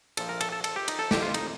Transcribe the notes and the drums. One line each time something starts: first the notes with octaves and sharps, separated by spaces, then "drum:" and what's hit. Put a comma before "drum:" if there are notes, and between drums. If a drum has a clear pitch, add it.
A#1 A#2 F3 A4, drum: cymbal
A#4
A4, drum: cymbal
A4
A4, drum: cymbal
G4
D#4, drum: cymbal
A4
C2 C3 F3 G4, drum: snare
F4
D#4, drum: cymbal